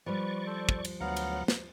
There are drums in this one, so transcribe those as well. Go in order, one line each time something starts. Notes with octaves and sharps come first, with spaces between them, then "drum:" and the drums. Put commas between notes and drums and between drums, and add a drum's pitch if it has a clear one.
F3 G3 B4 D5 C#6
A4 C5
drum: kick
drum: cymbal
D2 F#3 B3 F5 F#5 A#5
drum: cymbal
drum: snare